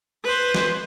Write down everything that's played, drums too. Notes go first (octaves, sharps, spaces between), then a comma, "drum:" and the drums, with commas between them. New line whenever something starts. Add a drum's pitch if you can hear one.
B4 C5
drum: snare